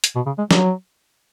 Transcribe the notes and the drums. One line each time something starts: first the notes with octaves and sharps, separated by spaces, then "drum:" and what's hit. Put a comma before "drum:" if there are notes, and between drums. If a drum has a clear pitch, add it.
drum: hi-hat
B2
C#3
G#3
F#3, drum: snare